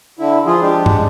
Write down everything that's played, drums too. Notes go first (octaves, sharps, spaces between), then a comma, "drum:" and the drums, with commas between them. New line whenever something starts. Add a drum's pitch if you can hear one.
D3 E4
F3 F4 G#4
G#3 D4 G4
drum: tom G2